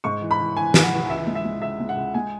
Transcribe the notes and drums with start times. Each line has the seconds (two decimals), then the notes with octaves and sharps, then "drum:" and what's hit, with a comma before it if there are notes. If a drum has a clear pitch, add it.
0.04 G#2 C#6
0.21 E3
0.31 B5
0.40 E3
0.57 E3 G#5
0.74 G#2, drum: snare
0.83 F#5
0.93 E3
1.09 C#2 E5
1.27 G#3
1.35 E5
1.44 G#3
1.61 C#2 E5
1.80 G#3
1.89 F#5
1.96 C#2
2.14 G#3 G#5